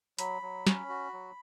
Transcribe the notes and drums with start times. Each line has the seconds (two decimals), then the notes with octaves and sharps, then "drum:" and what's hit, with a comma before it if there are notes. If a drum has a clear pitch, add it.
0.19 F#3 B5, drum: hi-hat
0.42 F#3
0.67 C#4, drum: snare
0.89 F#4
1.13 F#3